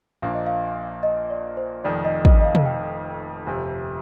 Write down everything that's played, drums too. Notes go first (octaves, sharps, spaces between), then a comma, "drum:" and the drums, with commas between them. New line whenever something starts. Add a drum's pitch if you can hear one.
A#1 A#2 F3 A#3 D4 F5
D#5
F5
D#5
D5
C5
F1 F2 D#3 D5
D#5
D#5, drum: kick
D#5
F5
drum: tom
G5
G1 F2 C3 G3 G#5